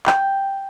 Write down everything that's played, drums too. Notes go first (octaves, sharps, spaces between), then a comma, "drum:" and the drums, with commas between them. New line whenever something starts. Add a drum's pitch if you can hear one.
G5, drum: clap